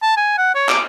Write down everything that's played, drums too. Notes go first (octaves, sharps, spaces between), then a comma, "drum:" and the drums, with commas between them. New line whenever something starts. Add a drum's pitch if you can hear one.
A5
G#5
F#5
C#5
D6, drum: clap